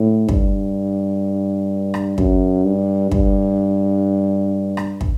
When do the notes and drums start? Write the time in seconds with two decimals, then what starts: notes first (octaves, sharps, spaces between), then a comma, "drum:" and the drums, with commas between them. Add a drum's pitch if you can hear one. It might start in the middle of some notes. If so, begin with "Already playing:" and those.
Already playing: A2
0.29 G2, drum: kick
1.94 drum: rim click
2.18 F#2, drum: kick
2.65 G2
3.12 G2, drum: kick
4.77 drum: rim click
5.01 drum: kick